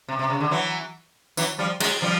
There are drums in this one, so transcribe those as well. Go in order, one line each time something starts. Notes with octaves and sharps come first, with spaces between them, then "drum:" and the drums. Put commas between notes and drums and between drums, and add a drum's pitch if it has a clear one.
C3
C3
C#3
D3
E3 F#3
E3 F#3, drum: tambourine
F3 G3
F#3 G#3, drum: cymbal
F3 G3